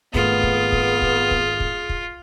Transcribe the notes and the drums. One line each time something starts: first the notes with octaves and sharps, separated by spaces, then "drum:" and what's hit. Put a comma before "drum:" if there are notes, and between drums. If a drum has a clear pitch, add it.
G#1 A3 B3 F4 G#4, drum: kick
drum: kick
drum: kick
drum: kick
drum: kick
drum: kick
drum: kick